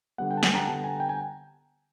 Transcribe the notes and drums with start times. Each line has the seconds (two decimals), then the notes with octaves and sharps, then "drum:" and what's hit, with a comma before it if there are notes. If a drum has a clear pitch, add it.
0.18 D3 G3 B3 F#5
0.31 G5
0.37 A5
0.43 G#5, drum: snare
0.55 A#5
0.67 D3 G3 B3 A5
0.84 G#5
1.00 G5
1.09 G#5